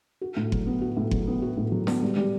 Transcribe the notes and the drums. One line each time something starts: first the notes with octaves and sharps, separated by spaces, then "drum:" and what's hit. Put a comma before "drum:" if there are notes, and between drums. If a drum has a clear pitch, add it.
F#4
A2
F#3, drum: kick F#1
B3
F#4
A2
F#3, drum: kick F#1
B3
F#4
A2
F#3
B3, drum: snare
G3
G3